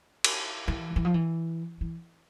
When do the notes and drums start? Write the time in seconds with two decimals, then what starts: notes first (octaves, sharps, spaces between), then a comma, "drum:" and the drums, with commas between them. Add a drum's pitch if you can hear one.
0.24 drum: cymbal
0.68 E3
0.96 E3
1.05 F3
1.14 E3
1.81 E3